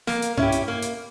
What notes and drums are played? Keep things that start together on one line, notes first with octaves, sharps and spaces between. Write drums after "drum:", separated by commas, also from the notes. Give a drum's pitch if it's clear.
A#3, drum: snare
drum: hi-hat
C#4 E4 G4, drum: tom G2
drum: hi-hat
A#3
drum: hi-hat